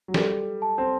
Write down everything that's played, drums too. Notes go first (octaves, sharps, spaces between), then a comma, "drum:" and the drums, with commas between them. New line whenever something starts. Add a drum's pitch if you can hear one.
F#3
G3 A4, drum: snare
A5
C4